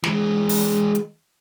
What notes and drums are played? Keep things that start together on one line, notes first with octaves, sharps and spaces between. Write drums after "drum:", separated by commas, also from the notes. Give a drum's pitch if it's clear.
E3 G#3, drum: snare
drum: open hi-hat
drum: hi-hat